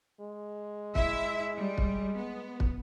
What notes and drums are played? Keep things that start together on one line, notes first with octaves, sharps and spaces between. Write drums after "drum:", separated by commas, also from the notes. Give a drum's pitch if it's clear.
G#3
E4 E5, drum: kick
G3
drum: kick
B3
drum: kick